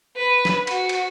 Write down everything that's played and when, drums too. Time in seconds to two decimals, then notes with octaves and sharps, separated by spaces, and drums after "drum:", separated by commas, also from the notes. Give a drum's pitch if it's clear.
0.16 B4
0.45 drum: snare
0.67 F#4, drum: cymbal
0.89 drum: cymbal